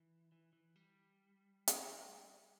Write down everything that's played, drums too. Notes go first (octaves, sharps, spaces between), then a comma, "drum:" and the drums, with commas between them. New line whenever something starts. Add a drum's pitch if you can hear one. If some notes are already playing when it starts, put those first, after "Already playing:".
Already playing: E3
E3
E3
G3
drum: hi-hat
G3